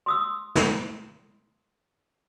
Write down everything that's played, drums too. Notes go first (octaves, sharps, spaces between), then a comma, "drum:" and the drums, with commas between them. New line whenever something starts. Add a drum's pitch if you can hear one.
C6 D#6 E6
drum: snare